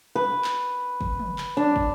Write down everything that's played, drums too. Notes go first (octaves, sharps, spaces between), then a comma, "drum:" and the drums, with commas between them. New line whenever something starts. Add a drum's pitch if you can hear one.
B4
drum: clap
drum: kick
drum: tom
drum: clap
D4
drum: kick